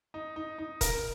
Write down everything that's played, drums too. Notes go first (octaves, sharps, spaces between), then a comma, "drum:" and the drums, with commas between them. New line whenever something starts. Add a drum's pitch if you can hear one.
D#4
D#4
D#4
A#4, drum: kick D#1, hi-hat